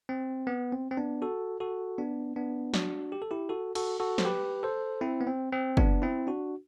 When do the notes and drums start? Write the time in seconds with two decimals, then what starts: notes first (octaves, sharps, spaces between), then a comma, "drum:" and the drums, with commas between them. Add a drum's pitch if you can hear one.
0.09 C4
0.47 B3
0.72 C4
0.91 C4
0.97 B3 D4
1.22 F#4 A4
1.60 F#4 A4
1.98 B3 D4
2.36 B3 D4
2.74 D4 F#4, drum: snare
3.12 G4
3.22 A4
3.31 E4 G4
3.49 F#4 A4
3.75 F#4 A4, drum: cymbal
4.00 F#4 A4
4.18 C5, drum: snare
4.25 G4 B4
4.63 A4 C5
5.01 C4 E4
5.21 B3
5.27 C4
5.52 C4
5.77 B3 D4, drum: kick
6.02 C4 E4
6.27 D4 F#4